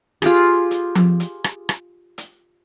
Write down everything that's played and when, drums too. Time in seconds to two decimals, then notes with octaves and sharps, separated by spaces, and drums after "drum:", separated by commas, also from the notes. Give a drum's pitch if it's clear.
0.22 F4 G4 G#4, drum: rim click
0.71 drum: hi-hat
0.95 drum: tom F3
1.20 drum: hi-hat
1.44 drum: rim click
1.69 drum: rim click
2.18 drum: hi-hat